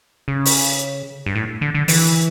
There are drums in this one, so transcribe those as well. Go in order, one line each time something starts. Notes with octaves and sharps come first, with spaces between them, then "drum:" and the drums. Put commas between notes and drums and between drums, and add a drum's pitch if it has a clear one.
C#3
drum: open hi-hat
G2
A2
D3
D3
E3, drum: open hi-hat